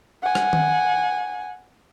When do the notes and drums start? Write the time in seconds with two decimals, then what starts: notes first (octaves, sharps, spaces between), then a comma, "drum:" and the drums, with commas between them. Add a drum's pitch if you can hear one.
0.23 F#5 G#5
0.35 drum: rim click
0.53 drum: tom D#3